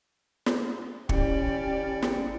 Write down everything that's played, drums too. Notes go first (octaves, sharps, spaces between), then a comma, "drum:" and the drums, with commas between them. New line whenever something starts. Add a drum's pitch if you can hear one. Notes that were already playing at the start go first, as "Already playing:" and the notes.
drum: snare
G#1 C#4 E4 G4 D5 C#7, drum: kick
drum: snare